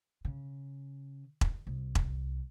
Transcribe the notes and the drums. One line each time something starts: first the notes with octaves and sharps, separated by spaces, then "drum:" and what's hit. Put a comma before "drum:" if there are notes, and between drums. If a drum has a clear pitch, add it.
C#3
drum: kick E1
C2
drum: kick E1